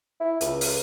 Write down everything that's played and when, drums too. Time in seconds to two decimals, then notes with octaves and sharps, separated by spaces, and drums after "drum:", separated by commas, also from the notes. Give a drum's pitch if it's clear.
0.20 E4
0.41 C#2, drum: hi-hat
0.61 drum: open hi-hat